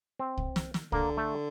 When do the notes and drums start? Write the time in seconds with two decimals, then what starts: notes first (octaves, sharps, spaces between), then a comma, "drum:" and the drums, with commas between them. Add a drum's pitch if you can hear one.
0.19 C4
0.38 drum: kick C2
0.56 drum: snare
0.74 drum: snare
0.92 D3 A#3, drum: kick C2
1.17 A3